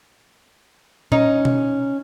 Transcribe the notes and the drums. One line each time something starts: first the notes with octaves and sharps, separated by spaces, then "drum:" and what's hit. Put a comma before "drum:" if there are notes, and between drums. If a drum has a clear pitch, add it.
C#4 D#4, drum: tom A#2
drum: tom B2